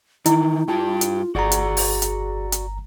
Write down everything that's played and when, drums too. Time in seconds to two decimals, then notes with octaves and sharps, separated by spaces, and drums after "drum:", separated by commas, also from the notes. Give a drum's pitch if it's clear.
0.26 D#3 E3 D#4 E4, drum: hi-hat
0.68 G2 F4 G4 A5
1.01 drum: hi-hat
1.35 G1 F#4 G#4 D5 F#5 A#5
1.52 drum: hi-hat
1.77 drum: open hi-hat
2.02 drum: hi-hat
2.52 drum: hi-hat